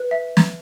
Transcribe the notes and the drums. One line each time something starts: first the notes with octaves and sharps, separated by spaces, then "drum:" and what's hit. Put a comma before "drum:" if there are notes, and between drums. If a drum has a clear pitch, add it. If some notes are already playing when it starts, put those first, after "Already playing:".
Already playing: B4
E5
drum: snare